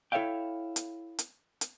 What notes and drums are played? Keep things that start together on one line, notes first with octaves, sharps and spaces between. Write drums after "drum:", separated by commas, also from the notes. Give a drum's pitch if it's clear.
E4 A4 C#5 E5 F5 G5
drum: hi-hat
drum: hi-hat
drum: hi-hat